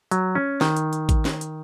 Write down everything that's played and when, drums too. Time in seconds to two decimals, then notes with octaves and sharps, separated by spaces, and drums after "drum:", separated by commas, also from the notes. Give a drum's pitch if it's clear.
0.11 F#3, drum: hi-hat
0.35 C#4
0.61 D#3, drum: snare
0.76 drum: hi-hat
0.93 drum: hi-hat
1.09 drum: kick A1, hi-hat
1.25 drum: snare
1.41 drum: hi-hat